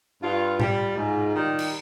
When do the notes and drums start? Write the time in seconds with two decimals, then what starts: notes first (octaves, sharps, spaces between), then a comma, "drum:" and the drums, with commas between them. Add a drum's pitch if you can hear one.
0.23 G2 F4
0.60 G3 F4, drum: tom A2
0.96 G#2
1.34 D#3 G3
1.59 drum: cymbal